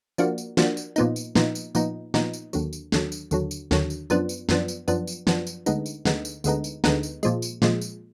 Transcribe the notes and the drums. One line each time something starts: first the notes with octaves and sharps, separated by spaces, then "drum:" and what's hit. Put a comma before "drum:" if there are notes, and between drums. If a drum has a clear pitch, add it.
F3 A#3 D4 F#4, drum: tambourine
drum: tambourine
F3 A#3 D4 F#4, drum: snare
drum: tambourine
A#2 F3 B3 D#4, drum: tambourine
drum: tambourine
A#2 F3 B3 D#4, drum: snare
drum: tambourine
A#2 F3 B3 D#4, drum: tambourine
A#2 F3 B3 D#4, drum: snare
drum: tambourine
D#2 D3 F#3, drum: tambourine
drum: tambourine
D#2 D3 F#3, drum: snare
drum: tambourine
D#2 D3 F#3, drum: tambourine
drum: tambourine
D#2 D3 F#3, drum: snare
drum: tambourine
F#2 F3 B3 D4, drum: tambourine
drum: tambourine
F#2 F3 B3 D4, drum: snare
drum: tambourine
F#2 F3 B3 D4, drum: tambourine
drum: tambourine
F#2 F3 B3 D4, drum: snare
drum: tambourine
D2 D3 G#3 B3 D#4, drum: tambourine
drum: tambourine
D2 D3 G#3 B3 D#4, drum: snare
drum: tambourine
D2 D3 G#3 B3 D#4, drum: tambourine
drum: tambourine
D2 D3 G#3 B3 D#4, drum: snare
drum: tambourine
A#2 F3 G#3, drum: tambourine
drum: tambourine
A#2 F3 G#3, drum: snare
drum: tambourine